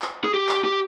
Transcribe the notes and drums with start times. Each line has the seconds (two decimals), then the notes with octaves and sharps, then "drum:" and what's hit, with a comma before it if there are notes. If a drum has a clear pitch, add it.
0.02 drum: clap
0.24 G#4
0.34 G4
0.49 drum: clap
0.64 G4